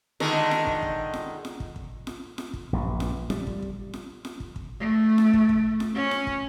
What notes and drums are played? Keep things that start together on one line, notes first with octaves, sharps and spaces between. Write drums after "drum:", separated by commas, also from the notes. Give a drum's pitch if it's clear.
D3 D#3 G#3, drum: snare F4
drum: snare F4
drum: kick
drum: kick
drum: snare F4
drum: snare F4
drum: kick
drum: kick
drum: snare F4
drum: snare F4
drum: kick
A#1 G2
drum: snare F4
G3, drum: snare F4
drum: kick
drum: kick
drum: snare F4
drum: snare F4
drum: kick
drum: kick
A3
drum: snare F4
drum: kick
drum: kick
drum: snare F4
C#4
drum: snare F4
drum: kick